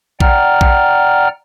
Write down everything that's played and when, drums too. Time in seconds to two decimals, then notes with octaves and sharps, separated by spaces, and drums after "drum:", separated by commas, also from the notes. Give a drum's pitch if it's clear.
0.20 D5 F#5 G5 A#5 F6, drum: kick A#1
0.61 drum: kick A#1